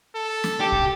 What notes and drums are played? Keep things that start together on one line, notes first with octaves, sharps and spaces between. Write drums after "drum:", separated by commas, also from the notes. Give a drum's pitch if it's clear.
A4
drum: snare
G4
drum: kick B1